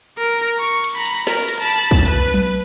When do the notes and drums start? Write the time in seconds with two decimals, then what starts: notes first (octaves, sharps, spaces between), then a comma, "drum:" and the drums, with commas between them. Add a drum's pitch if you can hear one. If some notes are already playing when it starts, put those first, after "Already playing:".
0.18 A#4
0.59 C#6
0.84 drum: cymbal
0.95 A#5 B5
1.06 drum: cymbal
1.27 A#4, drum: snare
1.48 drum: cymbal
1.60 A5 B5
1.70 drum: cymbal
1.91 drum: kick, cymbal
2.05 B4
2.34 drum: tom F#3